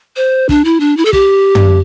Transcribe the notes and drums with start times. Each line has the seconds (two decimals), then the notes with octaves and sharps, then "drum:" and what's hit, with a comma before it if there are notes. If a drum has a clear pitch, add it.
0.16 C5
0.49 D4, drum: kick
0.65 E4
0.80 D4
0.97 E4
1.05 A4
1.13 G4, drum: kick
1.55 drum: tom